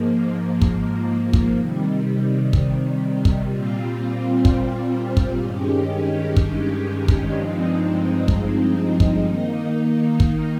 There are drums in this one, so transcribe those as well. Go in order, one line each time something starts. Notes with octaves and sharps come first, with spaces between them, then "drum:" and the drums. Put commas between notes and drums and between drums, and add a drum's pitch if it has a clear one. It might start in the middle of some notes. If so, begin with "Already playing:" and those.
Already playing: G#2 F3 A#3
drum: kick
drum: kick
C3 D#3 G3
drum: kick
drum: kick
A#2 G3 C4 F4
drum: kick
drum: kick
G2 D#3 G#3 C#4 G4
drum: kick
drum: kick
G2 F3 G#3 C4 D#4
drum: kick
drum: kick
D#3 A#3 D#4
drum: kick